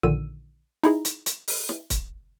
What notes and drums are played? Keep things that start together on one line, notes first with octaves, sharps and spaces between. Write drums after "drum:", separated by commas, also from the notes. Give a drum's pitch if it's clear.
A#1 A#2 D3 D#3 E6 D#7
D#4 E4 G#4 A#5, drum: snare
drum: hi-hat
drum: hi-hat
drum: open hi-hat
drum: snare
drum: kick, hi-hat